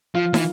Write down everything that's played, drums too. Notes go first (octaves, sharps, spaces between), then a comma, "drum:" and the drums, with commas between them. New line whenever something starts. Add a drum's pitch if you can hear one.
F3 F4
E3, drum: snare